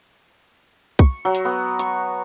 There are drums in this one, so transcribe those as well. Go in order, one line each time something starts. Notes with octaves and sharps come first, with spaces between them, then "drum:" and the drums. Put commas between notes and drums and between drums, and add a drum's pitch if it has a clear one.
C#6, drum: kick
F#3
drum: hi-hat
B3
C#6, drum: hi-hat